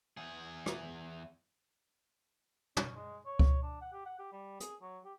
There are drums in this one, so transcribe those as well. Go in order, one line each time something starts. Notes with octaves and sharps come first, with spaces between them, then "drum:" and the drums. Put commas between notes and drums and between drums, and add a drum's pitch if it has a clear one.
E2 G#4
drum: rim click
C#4, drum: tom
G#3
C#5
drum: kick C#2
D4
F#5
G4
F#5
G4
G3
G#4, drum: hi-hat
F#3
G4